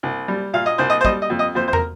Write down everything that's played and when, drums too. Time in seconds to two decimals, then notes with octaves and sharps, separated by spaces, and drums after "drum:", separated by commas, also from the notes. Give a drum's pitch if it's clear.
0.03 C2
0.28 G3
0.54 A#2 F5
0.66 D#5
0.78 C2 C5
0.90 D#5
1.01 C5
1.05 G3 D#5, drum: kick
1.22 D#5
1.30 F2
1.39 D#5
1.55 F2 C5
1.68 C5
1.73 A#4, drum: tom